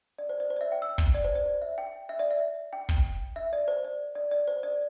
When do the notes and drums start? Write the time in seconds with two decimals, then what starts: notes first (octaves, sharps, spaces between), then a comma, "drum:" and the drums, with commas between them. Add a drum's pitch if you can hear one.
0.18 D5
0.29 C5
0.40 D5
0.50 C5
0.56 D5
0.61 E5
0.72 G5
0.82 E6
0.98 drum: kick
1.14 D5
1.24 C5
1.35 D5
1.46 C5
1.62 E5
1.78 G5
2.09 E5
2.19 D5
2.31 E5
2.73 G5
2.89 drum: kick
3.36 E5
3.53 D5
3.68 C5
3.85 D5
4.15 D5
4.31 D5
4.47 C5
4.63 D5